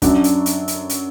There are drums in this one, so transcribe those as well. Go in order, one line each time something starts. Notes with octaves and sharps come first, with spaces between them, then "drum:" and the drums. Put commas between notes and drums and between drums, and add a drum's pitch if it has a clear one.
F#2 F#3 D4, drum: kick, hi-hat
drum: hi-hat
drum: hi-hat
drum: hi-hat
drum: hi-hat